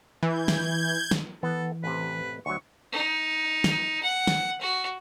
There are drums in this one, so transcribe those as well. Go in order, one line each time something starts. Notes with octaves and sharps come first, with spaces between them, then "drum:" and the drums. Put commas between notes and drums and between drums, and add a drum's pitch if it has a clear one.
E3 G6 G#6
drum: snare
drum: snare
E3 B3 A4
A1 C3 B4
D2 F#3 C#6
D#4
drum: snare
F#5
drum: snare
F#4